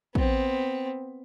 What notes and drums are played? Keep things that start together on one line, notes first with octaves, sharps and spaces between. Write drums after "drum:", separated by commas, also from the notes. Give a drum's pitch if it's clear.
B3 C4, drum: kick